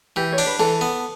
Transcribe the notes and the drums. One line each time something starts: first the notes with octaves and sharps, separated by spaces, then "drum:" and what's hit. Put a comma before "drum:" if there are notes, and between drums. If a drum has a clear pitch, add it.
E3 G4
C#5
D4, drum: cymbal
B4
E3 A4
B3